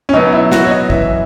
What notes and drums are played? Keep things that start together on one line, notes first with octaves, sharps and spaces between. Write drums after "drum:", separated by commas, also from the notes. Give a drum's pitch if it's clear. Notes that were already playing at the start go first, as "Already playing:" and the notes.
C#4
B2 F#3 B3 D#4
E4
F#4, drum: snare
C#5
D#5
F#2 E3 B3 E5, drum: kick